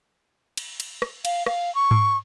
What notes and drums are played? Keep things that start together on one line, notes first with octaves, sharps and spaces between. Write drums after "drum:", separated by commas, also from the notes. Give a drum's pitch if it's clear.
drum: cymbal
drum: cymbal
drum: rim click
F5, drum: cymbal
F5, drum: rim click
C#6
drum: tom G#2